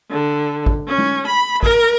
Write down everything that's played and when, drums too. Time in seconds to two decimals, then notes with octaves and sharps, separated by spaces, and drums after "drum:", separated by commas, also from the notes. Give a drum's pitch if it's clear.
0.11 D3
0.66 drum: kick G#1
0.87 C#4
0.98 drum: tom G#3
1.26 B5
1.63 A#4, drum: kick G#1